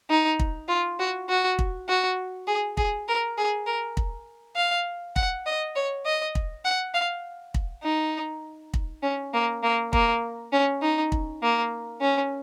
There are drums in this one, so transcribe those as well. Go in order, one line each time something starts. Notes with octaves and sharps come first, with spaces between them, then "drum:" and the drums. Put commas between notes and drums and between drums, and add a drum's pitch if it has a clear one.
D#4
drum: kick
F4
F#4
F#4
drum: kick
F#4
G#4
G#4, drum: kick
A#4
G#4
A#4
drum: kick
F5
F#5, drum: kick
D#5
C#5
D#5
drum: kick
F#5
F5
drum: kick
D#4
drum: kick
C#4
A#3
A#3
A#3, drum: kick
C#4
D#4
drum: kick
A#3
C#4